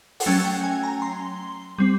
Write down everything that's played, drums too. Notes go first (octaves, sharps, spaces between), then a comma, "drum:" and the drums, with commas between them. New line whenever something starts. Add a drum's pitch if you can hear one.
F#5, drum: open hi-hat
F#3 A3 C#4 G5
G5
G#5
A#5
C6
G3 C4